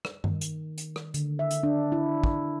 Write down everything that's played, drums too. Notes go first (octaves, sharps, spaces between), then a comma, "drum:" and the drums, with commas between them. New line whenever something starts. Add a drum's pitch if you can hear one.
drum: rim click
D#3, drum: tom G2
drum: hi-hat
drum: hi-hat
drum: rim click
D3, drum: hi-hat
E5
drum: hi-hat
D4
E4
drum: kick